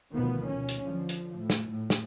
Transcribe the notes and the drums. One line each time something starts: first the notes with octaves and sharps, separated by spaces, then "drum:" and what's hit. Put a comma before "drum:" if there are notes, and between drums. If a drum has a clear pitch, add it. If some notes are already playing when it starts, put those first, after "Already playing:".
D2 B2 D#3 F3 B3
B2 C#4
drum: hi-hat
D3 F3
drum: hi-hat
A2
drum: snare
A2
drum: snare